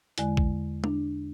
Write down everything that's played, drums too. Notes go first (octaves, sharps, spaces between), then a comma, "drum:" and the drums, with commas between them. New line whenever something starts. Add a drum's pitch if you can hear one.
E2 D3 G#3, drum: hi-hat
drum: kick
D4, drum: tom